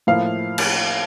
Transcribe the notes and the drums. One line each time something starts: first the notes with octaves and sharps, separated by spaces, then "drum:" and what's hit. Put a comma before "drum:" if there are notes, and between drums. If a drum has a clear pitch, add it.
A2 F3 A#3 E4 A#4 F5
drum: cymbal